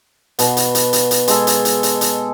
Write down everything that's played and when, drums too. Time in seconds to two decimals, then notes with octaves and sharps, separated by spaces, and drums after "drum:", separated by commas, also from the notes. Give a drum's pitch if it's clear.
0.39 B2 F#5, drum: hi-hat
0.57 drum: hi-hat
0.75 drum: hi-hat
0.93 drum: hi-hat
1.11 drum: hi-hat
1.28 G#3 G#4 A4 C#6, drum: hi-hat
1.47 drum: hi-hat
1.65 drum: hi-hat
1.83 drum: hi-hat
2.01 drum: hi-hat